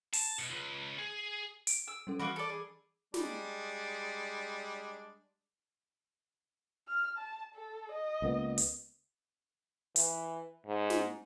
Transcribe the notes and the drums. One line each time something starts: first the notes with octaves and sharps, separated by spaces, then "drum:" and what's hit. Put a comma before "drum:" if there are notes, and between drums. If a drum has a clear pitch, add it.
A5, drum: open hi-hat
B2
C#2
G#4
D7, drum: hi-hat
E6
G3 C#4 A4
E3 A#3 B3 F#4 B5 D7
A4 D5
G#4
G3 G#3 D4, drum: snare
F6
A5
A4
D#5
C#2 A#3 B3
drum: hi-hat
E3, drum: hi-hat
G#2
drum: snare